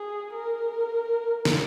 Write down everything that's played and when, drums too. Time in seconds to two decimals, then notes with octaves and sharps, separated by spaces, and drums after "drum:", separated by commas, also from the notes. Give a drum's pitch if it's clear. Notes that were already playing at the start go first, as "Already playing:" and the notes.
Already playing: G#4
0.33 A#4
1.45 drum: snare